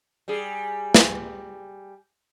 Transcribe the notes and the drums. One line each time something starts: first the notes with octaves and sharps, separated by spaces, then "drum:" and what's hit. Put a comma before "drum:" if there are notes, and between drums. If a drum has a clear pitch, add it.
G3 G#4
drum: snare